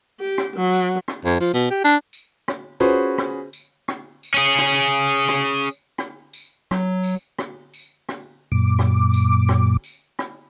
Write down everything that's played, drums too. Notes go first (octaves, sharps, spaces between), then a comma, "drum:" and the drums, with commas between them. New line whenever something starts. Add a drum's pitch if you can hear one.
G4
drum: rim click
F#3
drum: tambourine
drum: rim click
F2
F3, drum: tambourine
B2
G4
D4
drum: tambourine
drum: rim click
C#4 F4 F#4 G#4 B4 C5, drum: tambourine
drum: rim click
drum: tambourine
drum: rim click
drum: tambourine
C#4 G#4
drum: rim click
drum: tambourine
drum: rim click
drum: tambourine
drum: rim click
drum: tambourine
F#3, drum: rim click
drum: tambourine
drum: rim click
drum: tambourine
drum: rim click
F#2 A#2 D6
drum: rim click
drum: tambourine
drum: rim click
drum: tambourine
drum: rim click